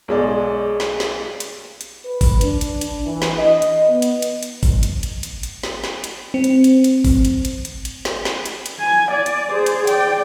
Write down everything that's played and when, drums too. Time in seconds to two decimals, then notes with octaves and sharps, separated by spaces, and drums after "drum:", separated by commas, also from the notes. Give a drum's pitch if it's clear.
0.08 B1 G#3 D5
0.80 drum: snare
1.00 drum: snare
1.40 drum: hi-hat
1.81 drum: hi-hat
2.05 B4
2.21 drum: kick G#1, open hi-hat
2.41 D4, drum: hi-hat
2.61 drum: hi-hat
2.81 drum: hi-hat
3.05 E3
3.22 drum: snare
3.38 D#5
3.62 drum: hi-hat
3.87 B3
4.02 drum: hi-hat
4.22 drum: hi-hat
4.43 drum: hi-hat
4.63 drum: kick G#1, open hi-hat
4.83 drum: hi-hat
5.03 drum: hi-hat
5.23 drum: hi-hat
5.43 drum: hi-hat
5.63 drum: snare
5.84 drum: snare
6.04 drum: hi-hat
6.34 C4
6.44 drum: hi-hat
6.64 drum: hi-hat
6.84 drum: hi-hat
7.05 drum: kick G#1, open hi-hat
7.25 drum: hi-hat
7.45 drum: hi-hat
7.65 drum: hi-hat
7.85 drum: hi-hat
8.05 drum: snare
8.25 drum: snare
8.46 drum: hi-hat
8.66 drum: hi-hat
8.80 G#5
9.11 D5
9.26 drum: hi-hat
9.50 G#4 C5
9.66 drum: hi-hat
9.87 D5 G5, drum: hi-hat